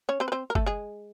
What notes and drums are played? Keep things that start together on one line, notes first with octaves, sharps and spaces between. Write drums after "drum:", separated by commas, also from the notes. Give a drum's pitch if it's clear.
C#4 C#5
C4 C5
B4
C4 C5
A#4
A3 A4, drum: kick
G#3 G#4